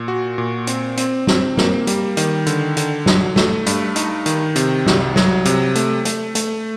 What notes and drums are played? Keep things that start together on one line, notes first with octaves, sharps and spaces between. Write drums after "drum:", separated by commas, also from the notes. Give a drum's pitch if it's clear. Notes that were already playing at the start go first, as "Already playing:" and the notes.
Already playing: A#2
F#4
A#2
C4, drum: hi-hat
C4, drum: hi-hat
C4, drum: snare
A#3, drum: snare
G3, drum: hi-hat
D#3, drum: hi-hat
D3, drum: hi-hat
D3, drum: hi-hat
F#3, drum: snare
A3, drum: snare
G2, drum: hi-hat
D#4, drum: hi-hat
D#3, drum: hi-hat
C3, drum: hi-hat
C2, drum: snare
F#3, drum: snare
C3, drum: hi-hat
A3, drum: hi-hat
A3, drum: hi-hat
A3, drum: hi-hat